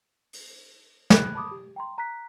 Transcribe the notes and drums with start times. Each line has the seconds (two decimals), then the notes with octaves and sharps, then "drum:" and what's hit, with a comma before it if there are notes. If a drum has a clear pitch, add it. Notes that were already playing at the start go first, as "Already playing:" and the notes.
0.33 drum: open hi-hat
1.10 B5 F#6, drum: snare
1.35 A5 B5 D6 D#6
1.51 G4
1.76 G5 A#5 C6
1.98 A#5 F#6 B6